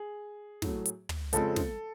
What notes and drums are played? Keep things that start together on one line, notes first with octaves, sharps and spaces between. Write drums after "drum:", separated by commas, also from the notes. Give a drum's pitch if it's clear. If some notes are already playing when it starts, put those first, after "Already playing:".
Already playing: G#4
A2 F#3 A3, drum: snare
drum: hi-hat
drum: tom
F2 C#3 F3 G#3 C4 A4, drum: hi-hat
drum: snare